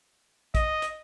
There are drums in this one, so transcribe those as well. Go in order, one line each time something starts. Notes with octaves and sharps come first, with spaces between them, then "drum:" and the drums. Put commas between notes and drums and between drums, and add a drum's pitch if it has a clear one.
D#5, drum: kick, hi-hat
drum: hi-hat